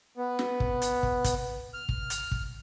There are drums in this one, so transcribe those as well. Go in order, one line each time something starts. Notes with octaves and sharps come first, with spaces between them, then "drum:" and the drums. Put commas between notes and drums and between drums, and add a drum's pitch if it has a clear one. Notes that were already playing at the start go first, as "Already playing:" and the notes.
B3
drum: snare
drum: kick
drum: hi-hat
drum: kick
drum: kick, hi-hat
F6
drum: kick
drum: hi-hat
drum: kick